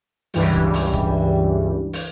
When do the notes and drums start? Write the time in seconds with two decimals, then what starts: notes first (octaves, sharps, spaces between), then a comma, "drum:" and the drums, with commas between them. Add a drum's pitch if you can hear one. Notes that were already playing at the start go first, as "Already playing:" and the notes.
0.34 C#2 G2 E3 G3, drum: open hi-hat
0.54 drum: kick
0.74 drum: open hi-hat
0.94 drum: kick
1.93 drum: open hi-hat